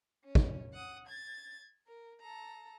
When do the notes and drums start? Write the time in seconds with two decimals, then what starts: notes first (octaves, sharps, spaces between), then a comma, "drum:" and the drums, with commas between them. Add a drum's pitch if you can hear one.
0.25 C#4
0.35 drum: kick
0.73 F#5 D#6
1.08 G#6 A6
1.87 A#4
2.21 A4 A#5